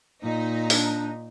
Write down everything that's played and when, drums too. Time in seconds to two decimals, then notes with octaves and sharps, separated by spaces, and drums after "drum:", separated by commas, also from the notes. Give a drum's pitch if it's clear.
0.23 A#2 D#4
0.70 D4, drum: open hi-hat